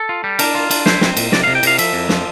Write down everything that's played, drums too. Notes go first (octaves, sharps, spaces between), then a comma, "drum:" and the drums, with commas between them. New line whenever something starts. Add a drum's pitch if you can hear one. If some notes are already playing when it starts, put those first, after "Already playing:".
Already playing: A4
F4
G3
D4 A#4, drum: cymbal
F4
D4, drum: cymbal
E4 C5, drum: snare
C4, drum: snare
A#2, drum: cymbal
C3 D5, drum: snare
C3 F5
G5
C3 F5, drum: cymbal
F3 E5, drum: cymbal
F2
F3, drum: snare